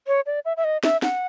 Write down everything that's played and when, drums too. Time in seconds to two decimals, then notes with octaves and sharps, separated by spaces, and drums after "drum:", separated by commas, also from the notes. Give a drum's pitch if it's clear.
0.07 C#5
0.26 D5
0.45 E5
0.57 E5
0.64 D#5
0.83 E5, drum: snare
1.02 F#5, drum: snare